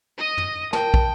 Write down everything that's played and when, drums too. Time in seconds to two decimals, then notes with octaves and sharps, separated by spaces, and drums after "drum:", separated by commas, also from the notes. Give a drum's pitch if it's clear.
0.18 D#5 D#6
0.38 drum: tom
0.73 A#4 G5 A5, drum: snare
0.94 drum: kick